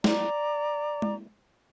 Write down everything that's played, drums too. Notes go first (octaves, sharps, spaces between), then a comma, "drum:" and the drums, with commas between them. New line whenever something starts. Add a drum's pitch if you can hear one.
D5 A#5 D6, drum: snare
drum: tom